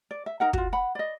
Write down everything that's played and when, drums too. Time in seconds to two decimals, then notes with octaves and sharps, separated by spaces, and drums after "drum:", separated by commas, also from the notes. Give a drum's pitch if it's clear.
0.11 D5
0.26 E5
0.40 D#4 A#4 F#5
0.53 F4 F#4, drum: kick
0.73 F#5 B5
0.95 D5 D#5